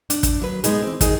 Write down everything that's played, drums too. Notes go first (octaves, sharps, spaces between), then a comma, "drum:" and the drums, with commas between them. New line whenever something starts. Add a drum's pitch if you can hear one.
D4, drum: hi-hat
drum: kick, hi-hat
D#2 F#3 B4
G#3 B3 D#4 G#4, drum: hi-hat
E3 C4
D#3 D#4 G#4, drum: kick, hi-hat